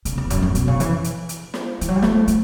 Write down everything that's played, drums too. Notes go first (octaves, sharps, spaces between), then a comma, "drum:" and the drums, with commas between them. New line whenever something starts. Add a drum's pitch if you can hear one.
C#3, drum: hi-hat
E2
F#2, drum: kick, hi-hat
G2
B2, drum: hi-hat
C#3
E3, drum: hi-hat
drum: hi-hat
drum: hi-hat
drum: snare
E3, drum: hi-hat
F#3
G3
A3, drum: snare
A3, drum: hi-hat